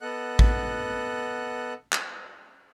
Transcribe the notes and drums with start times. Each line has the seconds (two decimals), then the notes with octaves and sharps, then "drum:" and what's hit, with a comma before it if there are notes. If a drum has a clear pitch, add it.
0.01 B3 A4 D#5 F#5 F#6
0.39 drum: kick A1
1.92 drum: clap